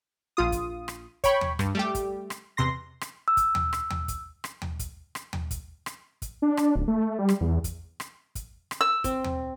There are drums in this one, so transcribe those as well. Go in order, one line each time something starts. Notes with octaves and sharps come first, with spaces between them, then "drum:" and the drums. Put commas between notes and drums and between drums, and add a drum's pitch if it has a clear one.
A#1 F4 D#6
drum: kick, hi-hat
drum: rim click
C#5 G5 B5 C#6, drum: kick, hi-hat
drum: tom
G2, drum: rim click
G3 A3 G4
drum: kick, hi-hat
drum: rim click
E2 C3 C6 A#6
drum: rim click
E6
drum: kick, hi-hat
drum: tom
drum: rim click
drum: tom
drum: kick, hi-hat
drum: rim click
drum: tom
drum: kick, hi-hat
drum: rim click
drum: tom
drum: kick, hi-hat
drum: rim click
drum: kick, hi-hat
D4
drum: rim click
D1
A3
G3
drum: rim click
E2
drum: kick, hi-hat
drum: rim click
drum: kick, hi-hat
drum: rim click
E6
C4, drum: kick, hi-hat
drum: tom